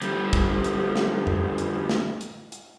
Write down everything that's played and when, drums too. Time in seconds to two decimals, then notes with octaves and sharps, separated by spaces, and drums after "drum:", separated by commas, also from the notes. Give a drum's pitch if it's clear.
0.02 D2 G3, drum: hi-hat
0.33 drum: kick, hi-hat
0.64 drum: hi-hat
0.96 drum: snare
1.27 drum: tom F2
1.58 drum: hi-hat
1.89 drum: snare
2.21 drum: hi-hat
2.52 drum: hi-hat